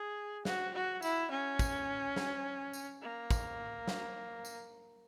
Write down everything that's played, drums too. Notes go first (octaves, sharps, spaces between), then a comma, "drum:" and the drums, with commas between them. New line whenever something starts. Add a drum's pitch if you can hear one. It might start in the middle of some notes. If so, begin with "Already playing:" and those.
Already playing: G#4
F#4, drum: snare
F#4
E4, drum: tambourine
C#4
drum: kick, tambourine
drum: snare
drum: tambourine
A#3
drum: kick, tambourine
drum: snare
drum: tambourine